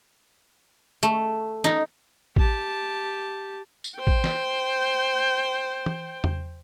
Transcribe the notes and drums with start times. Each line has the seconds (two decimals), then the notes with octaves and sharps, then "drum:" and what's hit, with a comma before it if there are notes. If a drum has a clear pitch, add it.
1.03 A3
1.64 D#4, drum: snare
2.36 G4 A5, drum: kick A1
3.84 drum: tambourine
3.98 C5 G5
4.07 drum: kick A1
4.24 drum: snare
5.86 drum: tom
6.24 drum: tom E2